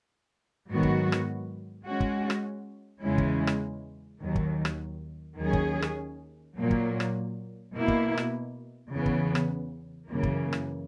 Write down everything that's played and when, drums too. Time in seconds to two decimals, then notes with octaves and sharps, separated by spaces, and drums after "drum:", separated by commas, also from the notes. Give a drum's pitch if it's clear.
0.68 G#2 D#3 F#3 B3 F#4
0.83 drum: kick
1.12 drum: rim click
1.86 G#3 C#4 F#4
2.00 drum: kick
2.30 drum: rim click
3.03 E2 C#3 G#3 C#4 E4
3.18 drum: kick
3.47 drum: rim click
4.21 D#2 D#3 F#3
4.36 drum: kick
4.65 drum: rim click
5.38 D#2 D#3 F#3 C#4 G#4
5.53 drum: kick
5.82 drum: rim click
6.56 A#2 F#3 A#3
6.71 drum: kick
7.00 drum: rim click
7.73 B2 A#3 E4
7.88 drum: kick
8.18 drum: rim click
8.91 E2 C#3 E3 B3
9.06 drum: kick
9.35 drum: rim click
10.09 F#2 C#3 E3 A#3
10.23 drum: kick
10.53 drum: rim click